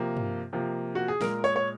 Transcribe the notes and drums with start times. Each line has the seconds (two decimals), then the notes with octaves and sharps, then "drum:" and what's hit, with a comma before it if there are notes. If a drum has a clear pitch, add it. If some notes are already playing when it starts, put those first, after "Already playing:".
Already playing: C3 F3 A#3
0.17 drum: tom G2
0.53 C3 F3 A#3
0.95 F#4
1.08 G#4
1.21 A#2 G#3 A#4, drum: snare
1.44 C#5
1.56 C#5